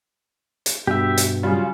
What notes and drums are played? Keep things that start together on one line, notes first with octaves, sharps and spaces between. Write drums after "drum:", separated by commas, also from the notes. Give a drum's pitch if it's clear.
drum: hi-hat
G2 B2 G4 E5
drum: hi-hat
C#3 F#3 G3 F4